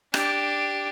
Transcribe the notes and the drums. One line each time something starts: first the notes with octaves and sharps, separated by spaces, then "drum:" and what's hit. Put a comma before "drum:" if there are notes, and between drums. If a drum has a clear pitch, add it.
D4 G4, drum: rim click